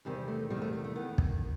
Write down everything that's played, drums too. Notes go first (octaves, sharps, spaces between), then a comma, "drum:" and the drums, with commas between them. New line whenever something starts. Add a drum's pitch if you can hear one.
E2 C3 D#3 G3
A3
E2 C3 D#3 G3
A3
A3
A3
D#3 B3
drum: kick